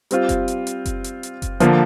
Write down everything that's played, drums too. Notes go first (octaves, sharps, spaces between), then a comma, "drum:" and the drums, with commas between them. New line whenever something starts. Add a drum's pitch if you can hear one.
G3 C4 F4, drum: hi-hat
drum: kick F#1, hi-hat
drum: hi-hat
drum: hi-hat
drum: kick F#1, hi-hat
drum: hi-hat
drum: hi-hat
drum: kick F#1, hi-hat
D3 F3 A#3 F4, drum: hi-hat